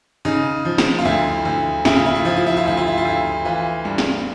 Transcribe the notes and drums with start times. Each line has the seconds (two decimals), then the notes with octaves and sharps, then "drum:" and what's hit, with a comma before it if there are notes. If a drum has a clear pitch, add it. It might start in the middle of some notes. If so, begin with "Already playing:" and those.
0.25 C#3 D#4
0.65 F3
0.78 drum: snare
0.99 F4
1.05 D2 E4
1.45 D2
1.85 C#3 E4, drum: snare
1.96 F4
2.06 E4
2.15 F4
2.25 F3 E4
2.37 F4
2.47 E4
2.57 F4
2.65 D2 E4
2.77 F4
2.87 E4
2.98 F4
3.05 D2 E4
3.45 E3 F4
3.85 G2
3.98 drum: snare